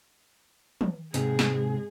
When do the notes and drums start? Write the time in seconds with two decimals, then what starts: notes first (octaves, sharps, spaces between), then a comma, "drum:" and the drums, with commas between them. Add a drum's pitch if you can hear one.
0.81 drum: tom
1.14 G#2 C3 G#3 G#4, drum: hi-hat
1.39 drum: snare